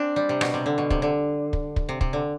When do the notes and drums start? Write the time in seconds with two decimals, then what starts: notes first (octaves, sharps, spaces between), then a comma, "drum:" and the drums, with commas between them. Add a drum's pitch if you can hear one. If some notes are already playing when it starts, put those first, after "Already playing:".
Already playing: C4 D4
0.16 G3
0.29 C3
0.41 B2, drum: rim click
0.54 C3
0.66 D3
0.78 B2
0.90 C3, drum: kick
1.02 D3
1.53 drum: kick
1.76 drum: kick
1.89 C3
2.01 C3, drum: kick
2.13 D3